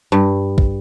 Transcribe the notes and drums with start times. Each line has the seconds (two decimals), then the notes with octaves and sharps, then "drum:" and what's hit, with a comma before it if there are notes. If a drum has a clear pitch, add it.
0.12 G2
0.58 drum: kick